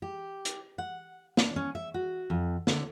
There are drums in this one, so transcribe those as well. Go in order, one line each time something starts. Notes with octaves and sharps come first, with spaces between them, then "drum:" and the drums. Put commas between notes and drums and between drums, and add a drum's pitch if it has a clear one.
G4
drum: hi-hat
F#5
D4, drum: snare
C#4
E5
F#4
F2
D3, drum: snare